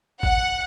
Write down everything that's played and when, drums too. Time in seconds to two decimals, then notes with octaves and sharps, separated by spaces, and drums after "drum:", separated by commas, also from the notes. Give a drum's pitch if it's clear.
0.23 F#5, drum: kick G#1